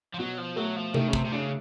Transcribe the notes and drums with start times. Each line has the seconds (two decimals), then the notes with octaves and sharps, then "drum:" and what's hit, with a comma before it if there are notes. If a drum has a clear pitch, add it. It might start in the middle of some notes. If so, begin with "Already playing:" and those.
0.14 F3
0.19 B2 F#3
0.38 F3
0.56 F#3 A3
0.76 F3
0.94 D#3 A3, drum: tom C3
1.08 C#3
1.13 C3, drum: kick
1.25 C3
1.32 C#3 D4